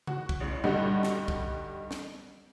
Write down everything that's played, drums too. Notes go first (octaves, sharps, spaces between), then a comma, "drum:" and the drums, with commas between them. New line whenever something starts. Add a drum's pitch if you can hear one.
F#4, drum: tom C#3
drum: kick C2
A1 C#3
G2 D3 G3 D#4 F#4, drum: tom A#2
drum: snare
drum: kick C2
drum: snare